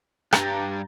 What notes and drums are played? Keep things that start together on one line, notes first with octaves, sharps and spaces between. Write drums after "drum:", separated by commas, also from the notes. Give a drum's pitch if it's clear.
C2 G2 A#5 G6 A6, drum: rim click